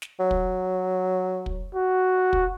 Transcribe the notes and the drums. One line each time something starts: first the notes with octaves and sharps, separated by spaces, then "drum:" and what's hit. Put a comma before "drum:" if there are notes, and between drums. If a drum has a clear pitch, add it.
drum: snare
F#3
drum: kick
drum: kick
F#4
drum: kick